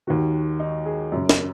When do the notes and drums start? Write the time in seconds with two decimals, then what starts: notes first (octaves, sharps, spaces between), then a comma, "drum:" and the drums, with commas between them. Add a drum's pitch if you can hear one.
0.07 D#2 D#3 F#4
0.60 D#4
0.86 G#4
1.12 F#2 C#3
1.29 drum: snare